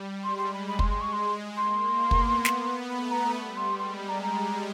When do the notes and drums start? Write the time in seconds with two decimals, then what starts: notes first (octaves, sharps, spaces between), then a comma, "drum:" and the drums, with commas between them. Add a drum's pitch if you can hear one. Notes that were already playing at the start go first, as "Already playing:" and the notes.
Already playing: G3
0.22 G#3 C6
0.37 C6
0.53 B5
0.67 B5
0.79 C6, drum: kick
0.89 C6
1.00 C#6
1.11 G#3 C6
1.56 A#3 C6
2.01 B3
2.11 drum: kick
2.45 B3, drum: snare
2.89 A3 B5
3.11 A#5
3.34 G3 B5
3.56 C6
3.78 G#3 C6
3.93 B5
4.09 A#5
4.22 A#5